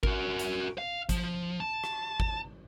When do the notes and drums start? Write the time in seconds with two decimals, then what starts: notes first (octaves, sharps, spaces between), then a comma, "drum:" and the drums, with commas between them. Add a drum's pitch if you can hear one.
0.03 F#4 A#4, drum: kick G#1
0.39 drum: hi-hat
0.78 F5
1.09 F3, drum: kick G#1, hi-hat
1.60 A5
1.84 drum: rim click
2.20 drum: kick G#1